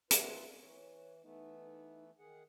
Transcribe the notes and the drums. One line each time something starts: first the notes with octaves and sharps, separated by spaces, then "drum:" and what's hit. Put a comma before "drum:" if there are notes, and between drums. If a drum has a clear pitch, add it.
F4 B4 E5, drum: hi-hat
E3 C#5
E3 A3 B3 D#4
D#3 G#4 F#5